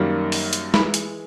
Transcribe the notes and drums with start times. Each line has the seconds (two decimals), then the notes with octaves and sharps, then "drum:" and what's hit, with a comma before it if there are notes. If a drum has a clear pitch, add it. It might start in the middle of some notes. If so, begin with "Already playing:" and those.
Already playing: F#2 D#3 G3 A#3
0.32 drum: open hi-hat
0.53 drum: hi-hat
0.74 E3 G#3 B5, drum: snare
0.94 drum: hi-hat